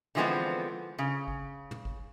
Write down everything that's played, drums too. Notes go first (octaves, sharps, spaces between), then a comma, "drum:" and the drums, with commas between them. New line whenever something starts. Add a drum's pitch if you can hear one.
D3 E3 F3 G#3 B3 C4
C#3
drum: kick G#1
drum: tom
drum: kick G#1